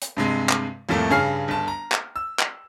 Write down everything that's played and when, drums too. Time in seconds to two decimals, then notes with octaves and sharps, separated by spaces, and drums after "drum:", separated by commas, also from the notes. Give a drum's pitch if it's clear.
0.02 drum: hi-hat
0.17 G2 C3 G#3
0.49 drum: clap
0.89 C2 F2 A2 A3 A#3
1.10 G2 C#3 G#4 C#5 F6 C7
1.48 G1 A5
1.68 A#5
1.92 drum: clap
2.16 E6
2.39 drum: clap